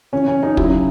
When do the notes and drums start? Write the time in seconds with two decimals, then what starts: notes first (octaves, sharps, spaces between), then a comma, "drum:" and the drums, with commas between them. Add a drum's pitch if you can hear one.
0.12 C#3 E3 C#4
0.28 C#4
0.43 D#4
0.57 C#3 F#3 E4, drum: kick